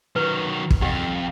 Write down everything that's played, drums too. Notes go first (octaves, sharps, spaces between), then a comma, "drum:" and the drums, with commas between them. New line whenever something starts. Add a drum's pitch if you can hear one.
D#3 F#3 B4
drum: kick
F2 G4 D#5 F#5